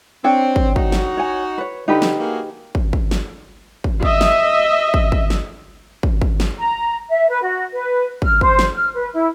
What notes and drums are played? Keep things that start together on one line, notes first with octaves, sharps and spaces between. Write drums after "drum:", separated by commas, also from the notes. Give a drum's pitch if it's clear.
C4 D4 C#5 G5
drum: kick
D#4 F#4, drum: kick
drum: snare
C#5 G#5
B4 C#5
D3 D#4 G4 B4
drum: snare
A#3 F#4 G#4
drum: kick
drum: kick
drum: snare
drum: kick
D#5 E5, drum: kick
drum: snare
drum: kick
drum: kick
drum: snare
drum: kick
drum: kick
drum: snare
A#5
E5
B4
F#4
B4
F6, drum: kick
C5, drum: kick
drum: snare
F6
B4
E4